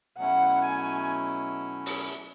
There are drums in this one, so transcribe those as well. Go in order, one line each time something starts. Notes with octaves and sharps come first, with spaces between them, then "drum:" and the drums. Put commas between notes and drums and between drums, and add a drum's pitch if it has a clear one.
B2 F#3 A3 C#4 E4 F#5
G#5
drum: open hi-hat